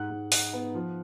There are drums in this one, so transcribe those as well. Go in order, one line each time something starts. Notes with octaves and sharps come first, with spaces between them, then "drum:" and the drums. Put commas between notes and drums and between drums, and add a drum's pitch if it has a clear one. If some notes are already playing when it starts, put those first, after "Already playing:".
Already playing: G#2 F#5 F#6
G#2
D#4 F#5 F#6, drum: open hi-hat
B3
F3